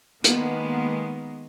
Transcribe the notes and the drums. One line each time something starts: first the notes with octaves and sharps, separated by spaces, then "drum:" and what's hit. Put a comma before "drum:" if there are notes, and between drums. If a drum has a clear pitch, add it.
D#3 G#3 A#3 B3, drum: hi-hat